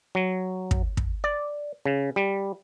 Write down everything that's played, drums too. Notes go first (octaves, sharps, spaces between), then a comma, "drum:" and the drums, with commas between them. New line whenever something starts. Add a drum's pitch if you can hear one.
F#3
drum: kick
drum: kick
D5
C#3
G3